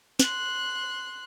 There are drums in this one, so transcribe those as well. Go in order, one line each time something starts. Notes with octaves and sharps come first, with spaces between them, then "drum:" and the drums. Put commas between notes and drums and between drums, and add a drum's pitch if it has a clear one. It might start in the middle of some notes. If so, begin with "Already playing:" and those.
C6 F#6, drum: snare